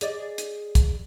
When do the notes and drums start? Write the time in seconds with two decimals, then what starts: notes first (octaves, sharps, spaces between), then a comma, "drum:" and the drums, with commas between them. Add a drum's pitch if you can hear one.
0.01 G#4 D5 D#5, drum: hi-hat
0.38 drum: hi-hat
0.75 drum: kick, hi-hat